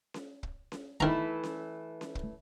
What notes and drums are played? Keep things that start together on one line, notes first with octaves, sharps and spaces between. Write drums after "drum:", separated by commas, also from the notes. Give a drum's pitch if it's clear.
drum: snare C#4
drum: kick
drum: snare C#4
D#3 E3 A3 E4 A#5, drum: kick
drum: snare C#4
drum: snare C#4
drum: kick